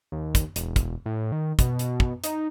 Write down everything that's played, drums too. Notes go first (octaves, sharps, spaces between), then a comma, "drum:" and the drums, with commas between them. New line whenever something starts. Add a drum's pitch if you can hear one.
D#2
drum: kick, hi-hat
E1, drum: hi-hat
drum: kick, hi-hat
A2
D#3
B2, drum: kick, hi-hat
drum: hi-hat
drum: kick
D#4, drum: hi-hat